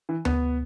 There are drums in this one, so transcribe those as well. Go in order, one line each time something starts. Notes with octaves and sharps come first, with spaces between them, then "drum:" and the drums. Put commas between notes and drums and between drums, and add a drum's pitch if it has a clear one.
E3
B3, drum: tom D2